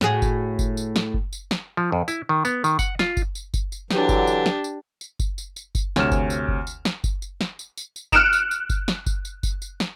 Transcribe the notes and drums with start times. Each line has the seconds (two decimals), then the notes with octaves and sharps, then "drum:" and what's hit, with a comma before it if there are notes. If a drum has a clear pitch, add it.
0.01 A2 F#4 G#4, drum: snare
0.22 drum: kick F#1, tambourine
0.59 drum: kick F#1, tambourine
0.77 drum: tambourine
0.96 drum: snare
1.14 drum: kick F#1
1.33 drum: tambourine
1.51 drum: snare
1.77 F3
1.92 F2
2.08 E4, drum: tambourine
2.29 D#3
2.45 B3, drum: tambourine
2.64 D#3, drum: tambourine
2.79 F#5, drum: kick F#1, tambourine
2.99 F4, drum: snare
3.17 drum: kick F#1, tambourine
3.35 drum: tambourine
3.54 drum: kick F#1, tambourine
3.72 drum: tambourine
3.91 D3 E3 F#3 D4 G4, drum: snare
4.09 drum: kick F#1, tambourine
4.27 drum: tambourine
4.46 drum: snare
4.64 drum: tambourine
5.01 drum: tambourine
5.19 drum: kick F#1, tambourine
5.38 drum: tambourine
5.56 drum: tambourine
5.75 drum: kick F#1, tambourine
5.96 D2 C3 C#5 G#5 F6 E7, drum: snare
6.12 drum: kick F#1, tambourine
6.30 drum: tambourine
6.48 drum: kick F#1
6.67 drum: tambourine
6.85 drum: snare
7.04 drum: kick F#1, tambourine
7.22 drum: tambourine
7.41 drum: snare
7.59 drum: tambourine
7.77 drum: tambourine
7.96 drum: tambourine
8.12 F6 F#6 C#7 D7 E7 F7, drum: kick F#1, tambourine
8.33 drum: tambourine
8.51 drum: tambourine
8.70 drum: kick F#1, tambourine
8.88 drum: snare
9.06 drum: kick F#1, tambourine
9.25 drum: tambourine
9.43 drum: kick F#1, tambourine
9.62 drum: tambourine
9.80 drum: snare